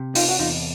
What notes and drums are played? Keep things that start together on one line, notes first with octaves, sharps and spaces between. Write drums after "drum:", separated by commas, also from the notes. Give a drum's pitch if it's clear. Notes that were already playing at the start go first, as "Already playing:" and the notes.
Already playing: C3
D#4 F4, drum: open hi-hat
F#4
E2 D#4 F4